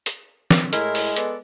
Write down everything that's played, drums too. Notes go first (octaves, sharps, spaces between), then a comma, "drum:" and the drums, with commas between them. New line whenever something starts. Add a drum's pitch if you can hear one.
drum: hi-hat
drum: snare
A2 G#3 E4 A#4, drum: hi-hat
drum: open hi-hat
B3 A4 D5, drum: hi-hat